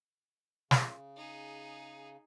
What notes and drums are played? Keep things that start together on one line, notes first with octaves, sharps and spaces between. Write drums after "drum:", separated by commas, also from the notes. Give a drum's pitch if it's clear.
C#3, drum: snare
D#4 G#4